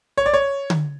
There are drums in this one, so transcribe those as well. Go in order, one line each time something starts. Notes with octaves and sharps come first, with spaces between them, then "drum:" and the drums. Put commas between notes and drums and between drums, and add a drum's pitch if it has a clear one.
C#5
D5
C#5
drum: tom D3